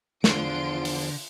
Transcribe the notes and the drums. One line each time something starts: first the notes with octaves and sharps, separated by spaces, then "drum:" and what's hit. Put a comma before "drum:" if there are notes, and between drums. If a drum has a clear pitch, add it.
E2 D3 F3 F4 C6 D7, drum: snare
drum: open hi-hat